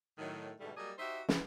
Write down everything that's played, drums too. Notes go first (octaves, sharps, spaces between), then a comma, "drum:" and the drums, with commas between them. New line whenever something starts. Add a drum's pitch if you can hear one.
A2 D#3 F#3
G#2 B2 D3 G3 A3
F#3 G3 A#3 G#4 D5 D#5
D#4 F#4 G4 C5 E5
E3 B3, drum: snare